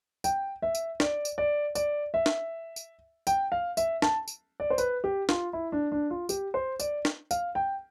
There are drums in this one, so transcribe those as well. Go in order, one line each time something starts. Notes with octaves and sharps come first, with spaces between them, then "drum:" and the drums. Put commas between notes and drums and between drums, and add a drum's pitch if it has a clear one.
G5, drum: tambourine
E5
drum: tambourine
D5, drum: snare
drum: tambourine
D5
D5, drum: tambourine
E5
drum: snare
drum: tambourine
G5, drum: tambourine
F5
E5, drum: tambourine
A5, drum: snare
drum: tambourine
D5
C5
B4, drum: tambourine
G4
F4, drum: snare
E4
D4
D4
F4
G4, drum: tambourine
C5
D5, drum: tambourine
drum: snare
F5, drum: tambourine
G5